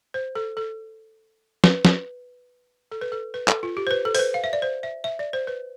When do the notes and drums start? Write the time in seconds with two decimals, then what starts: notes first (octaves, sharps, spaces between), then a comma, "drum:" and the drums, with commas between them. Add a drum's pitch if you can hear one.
0.14 C5
0.35 A4
0.57 A4
1.64 B4, drum: snare
1.85 B4, drum: snare
2.92 A4
3.01 B4
3.12 A4
3.34 B4
3.48 A4, drum: clap
3.63 F4
3.77 G4
3.87 C5
3.91 B4
4.05 A4
4.15 C5, drum: open hi-hat
4.19 B4
4.34 F5
4.44 E5
4.53 D5
4.62 C5
4.83 E5
5.04 E5
5.19 D5
5.33 C5
5.47 B4